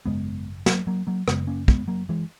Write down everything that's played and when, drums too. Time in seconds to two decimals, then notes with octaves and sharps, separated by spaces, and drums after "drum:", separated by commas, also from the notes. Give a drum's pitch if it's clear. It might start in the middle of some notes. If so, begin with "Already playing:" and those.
0.06 G#1 F#2 C#3 G#3 B3
0.66 F#3 A#3, drum: snare
0.87 F#3 A#3
1.07 F#3 A#3
1.28 F#1 F#2 C#3 G#3 B3, drum: rim click
1.47 A#3 C#4
1.68 G#3 B3, drum: kick
1.88 F#3 A#3
2.09 E3 G#3